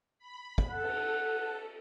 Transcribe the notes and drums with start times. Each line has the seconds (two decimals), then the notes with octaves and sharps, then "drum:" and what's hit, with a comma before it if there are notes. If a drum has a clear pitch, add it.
0.19 B5
0.58 drum: kick
0.70 A4 F#5
0.84 drum: cymbal